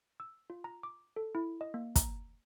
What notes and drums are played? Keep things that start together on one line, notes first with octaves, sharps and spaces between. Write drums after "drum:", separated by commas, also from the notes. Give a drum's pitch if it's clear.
E6
F4
A#5
D6
A4
E4
D#5
A#3
A#5, drum: kick, hi-hat